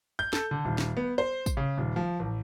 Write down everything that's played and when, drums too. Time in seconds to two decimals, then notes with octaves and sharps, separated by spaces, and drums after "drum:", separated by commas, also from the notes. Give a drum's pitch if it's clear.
0.19 G6
0.33 A4, drum: snare
0.51 D3
0.65 D#1
0.78 drum: snare
0.97 B3
1.18 C5
1.46 drum: kick, tambourine
1.57 C#3
1.78 D#1
1.96 F3
2.19 A1